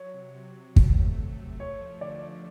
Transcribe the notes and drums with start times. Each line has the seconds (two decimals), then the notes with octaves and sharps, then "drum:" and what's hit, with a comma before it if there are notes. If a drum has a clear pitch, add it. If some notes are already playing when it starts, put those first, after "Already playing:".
Already playing: F#3 C#5
0.14 C3
0.34 C3
0.56 F#3
0.76 A3, drum: kick
0.97 A3
1.19 C3
1.39 C3
1.60 A3 C#5
1.81 F3
2.01 D3 D5
2.23 A3